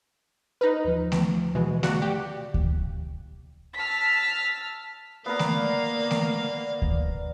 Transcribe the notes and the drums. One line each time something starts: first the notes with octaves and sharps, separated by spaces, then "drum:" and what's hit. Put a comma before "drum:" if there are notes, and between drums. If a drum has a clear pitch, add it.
D#4 B4 F6
D#2 F3
drum: snare A3
B2 E3 G#3
F#4 D5 F5 F#5, drum: snare A3
G4
drum: kick D2
A5 E6 F6 B6
A#3 B3 A#4 D5 F5
drum: snare A3
drum: snare A3
drum: kick D2